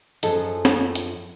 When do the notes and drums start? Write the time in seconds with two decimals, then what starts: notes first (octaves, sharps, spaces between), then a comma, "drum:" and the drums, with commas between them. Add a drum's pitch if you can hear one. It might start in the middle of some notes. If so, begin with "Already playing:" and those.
0.23 F#2 E3 F3 G#4 A4 D#5, drum: hi-hat
0.65 drum: snare
0.95 drum: hi-hat